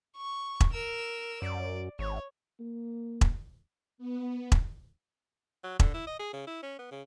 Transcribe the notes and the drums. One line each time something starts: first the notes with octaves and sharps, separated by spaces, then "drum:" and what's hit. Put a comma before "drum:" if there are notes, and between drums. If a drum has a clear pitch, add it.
C#6
drum: kick E1
A#4 E6
F#2 D5
G#1 C#5
A#3
drum: kick E1
B3
drum: kick E1
F#3
D3, drum: kick E1
E4
D#5
G#4
C#3
E4
C#4
B3
C#3